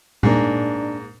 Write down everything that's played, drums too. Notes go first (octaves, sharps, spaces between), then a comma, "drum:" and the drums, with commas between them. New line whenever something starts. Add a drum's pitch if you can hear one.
G#2 A#3 D4, drum: tom A#2